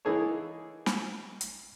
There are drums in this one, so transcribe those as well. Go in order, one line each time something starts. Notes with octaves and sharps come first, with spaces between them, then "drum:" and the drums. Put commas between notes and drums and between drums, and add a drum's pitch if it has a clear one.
E3 A#3 D#4 G#4 A4 C#5
drum: snare
drum: hi-hat